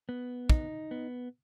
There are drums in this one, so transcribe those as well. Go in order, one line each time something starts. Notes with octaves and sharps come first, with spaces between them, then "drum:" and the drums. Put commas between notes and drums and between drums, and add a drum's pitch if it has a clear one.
B3
D#4, drum: kick
B3